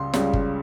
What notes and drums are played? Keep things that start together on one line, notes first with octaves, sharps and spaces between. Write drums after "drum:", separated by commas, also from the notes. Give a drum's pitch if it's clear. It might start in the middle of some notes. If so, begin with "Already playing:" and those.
Already playing: C#2 C#3 G3 C6
C#2 C#3 G3, drum: snare
drum: kick G1